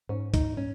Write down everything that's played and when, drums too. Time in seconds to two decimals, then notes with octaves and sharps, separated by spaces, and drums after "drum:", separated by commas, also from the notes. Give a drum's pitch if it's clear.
0.09 G#2 C#4
0.34 D#4, drum: kick, hi-hat
0.57 C#4